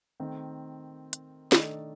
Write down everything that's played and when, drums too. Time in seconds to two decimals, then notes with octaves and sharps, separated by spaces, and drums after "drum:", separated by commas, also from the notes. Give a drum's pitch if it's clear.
0.20 D#3 A3 C4
1.13 drum: hi-hat
1.52 D#3 A3 D4 A4 D#5, drum: snare